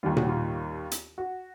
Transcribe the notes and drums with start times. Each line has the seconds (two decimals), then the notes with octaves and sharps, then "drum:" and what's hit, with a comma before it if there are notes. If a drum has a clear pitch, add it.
0.03 D#2 D#3 G3 F4
0.17 F#4, drum: tom A#2
0.29 F4
0.91 drum: hi-hat
1.18 F#4